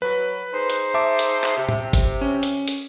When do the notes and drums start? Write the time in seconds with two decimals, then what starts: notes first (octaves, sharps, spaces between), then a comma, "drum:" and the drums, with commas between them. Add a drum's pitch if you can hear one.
0.02 F#3 B4
0.53 D#4 G#4 C5
0.70 drum: hi-hat
0.94 E5 A5 D6
1.19 drum: hi-hat
1.44 drum: clap
1.56 C3
1.69 drum: tom
1.93 drum: kick G1, hi-hat
2.21 C#4
2.43 drum: hi-hat
2.68 drum: hi-hat